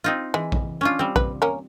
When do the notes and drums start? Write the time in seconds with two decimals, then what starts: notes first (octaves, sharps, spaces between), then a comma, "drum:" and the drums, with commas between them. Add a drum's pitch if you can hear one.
0.04 C4 D#4 F4
0.34 E3 G#3
0.52 drum: kick A#1
0.81 C#4 D4 F4
0.99 G3 C4
1.16 B4, drum: kick A#1
1.42 A#3 C#4 A#4